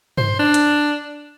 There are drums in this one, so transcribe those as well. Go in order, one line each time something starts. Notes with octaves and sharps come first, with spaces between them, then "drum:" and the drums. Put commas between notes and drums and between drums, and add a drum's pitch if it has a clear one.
C5, drum: tom G2
D4
drum: hi-hat